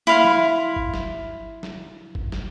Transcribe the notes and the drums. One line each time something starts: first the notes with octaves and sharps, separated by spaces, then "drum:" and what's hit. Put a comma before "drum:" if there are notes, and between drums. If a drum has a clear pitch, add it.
E4 F5 C6
drum: snare
drum: kick G1
drum: snare
drum: snare
drum: kick G1
drum: snare